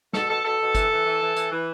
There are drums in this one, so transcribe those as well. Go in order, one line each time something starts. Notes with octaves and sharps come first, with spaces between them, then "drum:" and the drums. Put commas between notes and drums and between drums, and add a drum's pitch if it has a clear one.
B2 A4, drum: snare
B2 A4
B2 A4
B2
E3, drum: kick G1, hi-hat
E3
E3
E3
E3, drum: hi-hat
E3